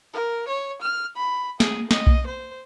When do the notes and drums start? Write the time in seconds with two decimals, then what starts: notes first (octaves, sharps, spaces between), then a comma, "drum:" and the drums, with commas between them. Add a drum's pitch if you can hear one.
0.13 A#4
0.48 C#5
0.81 F6
1.16 B5
1.60 G#4, drum: snare
1.91 D#5, drum: snare
2.07 drum: kick B1
2.27 C5